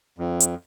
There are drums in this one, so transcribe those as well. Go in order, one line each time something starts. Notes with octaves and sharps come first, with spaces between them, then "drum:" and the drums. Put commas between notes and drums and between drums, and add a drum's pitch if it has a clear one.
F2
drum: hi-hat